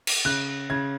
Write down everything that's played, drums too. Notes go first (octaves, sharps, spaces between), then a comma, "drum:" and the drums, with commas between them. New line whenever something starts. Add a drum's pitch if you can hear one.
drum: cymbal
C#3 F#6
C#3 G#6